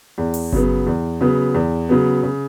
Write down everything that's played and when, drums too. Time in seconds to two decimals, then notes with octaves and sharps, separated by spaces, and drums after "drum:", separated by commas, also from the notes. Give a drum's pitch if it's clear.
0.18 E2
0.34 drum: open hi-hat
0.53 C#3 F#3 B3, drum: kick G1
0.87 E2
1.21 C#3 F#3 B3
1.54 E2
1.89 C#3 F#3 B3
2.23 C#3